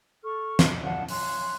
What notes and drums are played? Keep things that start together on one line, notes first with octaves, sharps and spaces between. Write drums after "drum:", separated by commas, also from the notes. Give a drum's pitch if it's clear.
A4 C#6 F6
drum: snare
D5 F5 F#5 A5
C#5 G#5 C6 F#6, drum: open hi-hat